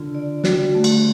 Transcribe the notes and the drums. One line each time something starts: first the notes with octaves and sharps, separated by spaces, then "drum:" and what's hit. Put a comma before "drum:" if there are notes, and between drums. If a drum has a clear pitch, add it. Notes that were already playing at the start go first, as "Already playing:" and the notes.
Already playing: D3 F4
D5
G3 F#4, drum: snare
A3
drum: cymbal